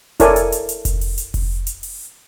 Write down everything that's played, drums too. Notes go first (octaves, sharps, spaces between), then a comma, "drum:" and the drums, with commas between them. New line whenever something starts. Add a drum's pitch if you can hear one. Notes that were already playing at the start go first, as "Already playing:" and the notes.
E4 A4 A#4 C#5 D5 G#5, drum: kick F1, hi-hat
drum: hi-hat
drum: hi-hat
drum: hi-hat
drum: kick F1, hi-hat
drum: open hi-hat
drum: hi-hat
drum: kick F1, open hi-hat
drum: hi-hat
drum: open hi-hat